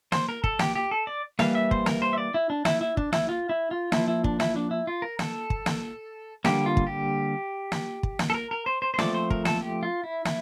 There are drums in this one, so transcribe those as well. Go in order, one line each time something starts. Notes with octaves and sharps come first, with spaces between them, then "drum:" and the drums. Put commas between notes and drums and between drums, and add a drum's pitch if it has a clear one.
C5, drum: snare
A#4
A4, drum: kick
G4, drum: snare
G4
A4
D5
E3 G3 A#3 F5, drum: snare
E5
C5, drum: kick
A#4, drum: snare
C5
E5
D5
E4
D4
E4, drum: snare
E4
D4, drum: kick
E4, drum: snare
F4
E4
F4
F3 A#3 E4, drum: snare
E4
D4, drum: kick
E4, drum: snare
D4
E4
F4
A#4
A4, drum: snare
drum: kick
drum: snare
D3 G3 A#3 G4, drum: snare
F4
drum: kick
G4
drum: snare
drum: kick
drum: snare
A4
A#4
A#4
C5
C5
C5
F3 A3 C4 D5, drum: snare
C5
A#4, drum: kick
A4, drum: snare
G4
F4
E4
E4, drum: snare